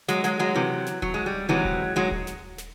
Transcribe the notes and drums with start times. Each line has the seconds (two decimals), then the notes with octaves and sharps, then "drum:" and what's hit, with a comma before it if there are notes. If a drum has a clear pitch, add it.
0.08 F#3 G#3, drum: snare
0.24 F#3 G#3, drum: snare
0.39 F#3 G#3
0.55 C3 E3
0.86 drum: snare
1.02 F#3, drum: kick D#1
1.14 G#3
1.26 G3
1.49 C3 E3 F#3 G#3
1.65 drum: kick D#1
1.96 F#3 G#3
2.11 drum: kick D#1
2.27 drum: snare
2.58 drum: snare